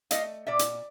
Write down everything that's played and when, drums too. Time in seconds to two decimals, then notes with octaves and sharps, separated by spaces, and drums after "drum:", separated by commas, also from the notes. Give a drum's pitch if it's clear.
0.11 A3 D#5 F5, drum: hi-hat
0.47 A#2 D5 E5
0.59 drum: hi-hat